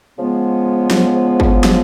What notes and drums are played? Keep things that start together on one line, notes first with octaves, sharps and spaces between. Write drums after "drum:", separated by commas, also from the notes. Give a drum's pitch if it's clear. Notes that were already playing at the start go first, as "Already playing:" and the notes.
C#3 F3 G#3 B3
drum: snare
drum: kick
drum: snare